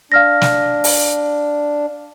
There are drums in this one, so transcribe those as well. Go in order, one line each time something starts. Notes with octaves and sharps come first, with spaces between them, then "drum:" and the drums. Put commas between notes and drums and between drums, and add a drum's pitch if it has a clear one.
D4 F5 F6 A#6
drum: snare
drum: open hi-hat